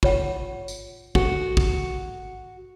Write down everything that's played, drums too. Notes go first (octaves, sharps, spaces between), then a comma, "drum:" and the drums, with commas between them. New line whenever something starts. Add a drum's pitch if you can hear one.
F4 C#5 F#5, drum: kick
drum: tambourine
F#4 A4, drum: kick
drum: kick